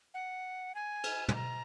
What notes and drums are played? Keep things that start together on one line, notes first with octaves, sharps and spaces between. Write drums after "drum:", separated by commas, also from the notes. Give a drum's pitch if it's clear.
F#5
G#5
drum: cymbal
G#5, drum: tom
A#5